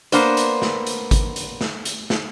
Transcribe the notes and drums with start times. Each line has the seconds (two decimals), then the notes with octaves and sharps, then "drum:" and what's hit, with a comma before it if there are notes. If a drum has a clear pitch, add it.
0.12 A#3 B3 D4 C5, drum: hi-hat
0.37 drum: hi-hat
0.62 drum: snare
0.87 drum: hi-hat
1.11 drum: kick G#1, hi-hat
1.36 drum: hi-hat
1.61 drum: snare
1.85 drum: hi-hat
2.10 drum: snare